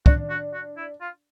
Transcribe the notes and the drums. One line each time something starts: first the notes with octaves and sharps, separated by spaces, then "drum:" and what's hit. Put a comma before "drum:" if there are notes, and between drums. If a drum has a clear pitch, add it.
D4 F#4, drum: kick
F#4
F#4
E4
F4